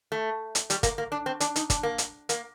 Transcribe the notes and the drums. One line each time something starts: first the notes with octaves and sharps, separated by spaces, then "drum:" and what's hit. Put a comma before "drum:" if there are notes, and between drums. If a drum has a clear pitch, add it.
A3
drum: hi-hat
G3, drum: hi-hat
A#3, drum: kick, hi-hat
A#3
D4
C4
D4, drum: hi-hat
D#4, drum: hi-hat
D4, drum: kick, hi-hat
A#3
drum: hi-hat
A#3, drum: hi-hat